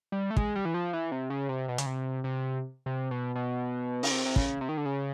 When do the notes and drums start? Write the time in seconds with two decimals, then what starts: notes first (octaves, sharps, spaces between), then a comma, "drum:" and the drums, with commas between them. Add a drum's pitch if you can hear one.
0.12 G3
0.30 A3
0.37 G#3, drum: kick
0.55 G3
0.65 E3
0.74 F3
0.93 E3
1.12 C3
1.30 C#3
1.49 C3
1.68 B2
1.78 C#3, drum: hi-hat
1.86 C3
2.24 C3
2.86 C3
3.11 B2
3.35 B2
4.03 C#3, drum: open hi-hat
4.11 C3
4.25 C3
4.36 C#3, drum: kick
4.61 C3
4.69 D#3
4.77 D3
4.85 C#3